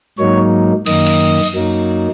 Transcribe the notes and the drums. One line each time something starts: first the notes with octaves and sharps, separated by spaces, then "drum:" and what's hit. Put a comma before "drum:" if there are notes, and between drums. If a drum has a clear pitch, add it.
G#2 F#3 A#3 D#4 C#5
F#2 D#3 A#3 D#5, drum: cymbal
drum: cymbal
drum: tambourine
F#2 F#3 A#3 D#4